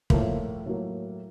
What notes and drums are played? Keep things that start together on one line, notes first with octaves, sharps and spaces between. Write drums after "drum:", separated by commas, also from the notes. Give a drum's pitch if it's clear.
A2 F3 A3 A#3, drum: kick
A2 F#3 A#3